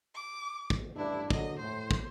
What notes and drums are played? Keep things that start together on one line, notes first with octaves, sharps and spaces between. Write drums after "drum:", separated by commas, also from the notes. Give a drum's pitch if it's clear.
D6
drum: kick
A1 G2 D4 E4
D3 F#3 D#5, drum: kick
A2 C5
drum: kick